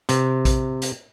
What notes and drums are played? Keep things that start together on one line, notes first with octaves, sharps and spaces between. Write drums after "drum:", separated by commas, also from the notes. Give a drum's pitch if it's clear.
C3, drum: hi-hat
drum: kick A#1, hi-hat
drum: hi-hat